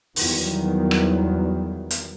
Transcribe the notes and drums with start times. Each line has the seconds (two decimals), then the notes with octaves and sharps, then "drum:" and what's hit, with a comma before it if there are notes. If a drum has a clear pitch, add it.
0.16 E2 D#3 F#3 G3, drum: open hi-hat
0.91 drum: rim click
1.91 drum: hi-hat